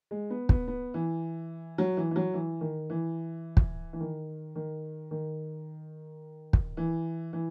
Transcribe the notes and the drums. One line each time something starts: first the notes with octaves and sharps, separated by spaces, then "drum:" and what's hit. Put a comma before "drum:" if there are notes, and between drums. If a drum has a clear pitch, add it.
G#3
B3
B3, drum: kick
B3
E3
F#3
E3
E3
F#3
E3
D#3
E3
drum: kick
E3
D#3
D#3
D#3
drum: kick
E3
E3